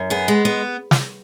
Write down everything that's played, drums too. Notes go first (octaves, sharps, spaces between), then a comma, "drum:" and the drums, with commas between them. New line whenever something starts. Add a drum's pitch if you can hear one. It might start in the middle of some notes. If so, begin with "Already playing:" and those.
Already playing: F#2
B3 G#4
G#3
B3
drum: snare